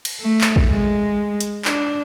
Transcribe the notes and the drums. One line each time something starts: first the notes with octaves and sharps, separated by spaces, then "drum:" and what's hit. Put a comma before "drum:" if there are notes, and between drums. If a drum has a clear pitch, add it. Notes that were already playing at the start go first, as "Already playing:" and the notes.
drum: cymbal
A3
drum: clap
drum: kick
G#3
drum: hi-hat
D4, drum: clap